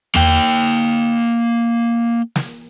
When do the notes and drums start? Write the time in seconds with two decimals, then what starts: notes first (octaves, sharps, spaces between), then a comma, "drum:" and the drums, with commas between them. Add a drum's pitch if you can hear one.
0.15 A#3 G5, drum: tom E2
2.36 drum: snare